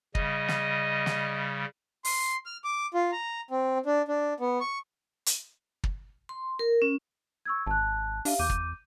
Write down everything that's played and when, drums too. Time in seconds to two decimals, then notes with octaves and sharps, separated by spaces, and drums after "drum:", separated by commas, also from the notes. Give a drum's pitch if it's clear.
0.15 C#3 G3 D#5, drum: kick
0.48 drum: snare
1.06 drum: snare
2.05 C6, drum: open hi-hat
2.46 F6
2.64 D6
2.94 F4
3.12 A#5
3.51 C4
3.86 D4
4.08 D4
4.40 B3
4.60 C#6
5.26 drum: hi-hat
5.84 drum: kick
6.29 C6
6.59 A#4
6.82 C#4
7.45 C#6 E6 G#6
7.67 G#1 A5 F#6
8.25 D4 G4 E5 F5, drum: open hi-hat
8.39 E2 D6 G6 D#7
8.50 drum: kick